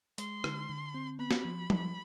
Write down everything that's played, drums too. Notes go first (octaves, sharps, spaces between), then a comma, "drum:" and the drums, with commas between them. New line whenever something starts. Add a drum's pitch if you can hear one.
G#3 C6, drum: hi-hat
D3, drum: rim click
D3
C4
B3 B5
drum: snare
F3
F3, drum: tom